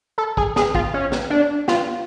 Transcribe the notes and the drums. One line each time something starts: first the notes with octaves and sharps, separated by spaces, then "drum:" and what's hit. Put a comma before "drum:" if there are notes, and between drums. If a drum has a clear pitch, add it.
A4
G#4, drum: kick
G#4, drum: snare
F4, drum: kick
C#4
drum: snare
D4
F4, drum: snare